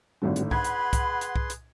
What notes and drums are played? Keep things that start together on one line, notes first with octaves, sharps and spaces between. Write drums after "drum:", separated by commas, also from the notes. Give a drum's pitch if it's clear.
G#1 A2 D3 G3 C4 F#4
drum: hi-hat
G#4 B4 F#5 B5 C6 G#6, drum: kick C2
drum: hi-hat
drum: kick C2, hi-hat
drum: hi-hat
drum: kick C2
drum: hi-hat